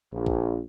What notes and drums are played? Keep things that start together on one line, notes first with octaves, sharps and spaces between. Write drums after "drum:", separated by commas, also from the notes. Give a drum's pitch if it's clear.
A#1
drum: kick B1